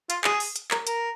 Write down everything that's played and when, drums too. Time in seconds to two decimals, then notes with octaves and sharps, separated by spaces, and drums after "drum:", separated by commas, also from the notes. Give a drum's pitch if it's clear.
0.10 F4, drum: hi-hat
0.24 G#4, drum: clap
0.40 drum: open hi-hat
0.56 drum: hi-hat
0.71 A#4, drum: clap
0.87 A#4, drum: hi-hat